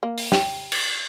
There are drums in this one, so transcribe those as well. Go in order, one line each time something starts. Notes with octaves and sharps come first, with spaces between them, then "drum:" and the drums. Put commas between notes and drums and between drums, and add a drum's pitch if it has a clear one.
A#3
drum: open hi-hat
G4, drum: snare
drum: cymbal